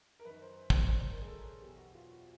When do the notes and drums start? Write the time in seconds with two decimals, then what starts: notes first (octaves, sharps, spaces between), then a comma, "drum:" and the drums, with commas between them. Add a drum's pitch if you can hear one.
0.20 A#4
0.25 F#2 D#3 B4
0.42 C5
0.70 C5, drum: kick
0.81 C#5
0.93 D5
1.10 A#4
1.21 G#4
1.27 A4
1.44 G#4
1.61 E2 B2 G4
1.78 F#4
1.95 F4
2.12 F#4